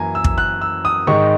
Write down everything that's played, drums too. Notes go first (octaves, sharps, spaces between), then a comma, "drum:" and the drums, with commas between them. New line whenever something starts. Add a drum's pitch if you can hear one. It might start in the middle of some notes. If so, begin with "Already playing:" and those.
Already playing: F#2 E3 A#3 E4 G#5 A#5
E6
drum: kick
F#6
E6
D#6
G#2 D#3 G#3 D#4 C#6